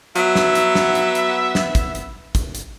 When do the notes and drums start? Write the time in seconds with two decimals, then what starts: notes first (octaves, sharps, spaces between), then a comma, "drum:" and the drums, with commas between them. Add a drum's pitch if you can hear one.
0.16 F#3 B3 E5, drum: hi-hat
0.35 drum: snare
0.55 drum: hi-hat
0.75 drum: snare
0.95 drum: hi-hat
1.15 drum: hi-hat
1.55 drum: snare
1.75 drum: kick, hi-hat
1.95 drum: hi-hat
2.35 drum: kick, hi-hat
2.55 drum: hi-hat